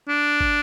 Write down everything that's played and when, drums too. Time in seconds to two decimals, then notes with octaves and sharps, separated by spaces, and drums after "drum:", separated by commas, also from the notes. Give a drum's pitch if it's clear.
0.08 D4
0.41 drum: kick